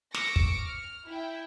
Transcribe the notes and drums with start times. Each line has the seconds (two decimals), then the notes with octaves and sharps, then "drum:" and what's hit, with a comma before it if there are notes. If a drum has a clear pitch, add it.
0.14 C#6 D6 E6 A#6 C#7 D7, drum: snare
0.36 drum: kick
0.60 F6
1.06 E4 G5